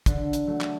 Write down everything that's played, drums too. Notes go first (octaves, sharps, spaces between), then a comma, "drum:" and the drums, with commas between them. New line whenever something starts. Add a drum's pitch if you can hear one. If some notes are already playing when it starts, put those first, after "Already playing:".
D3, drum: kick, hi-hat
drum: hi-hat
F#3 A3
drum: clap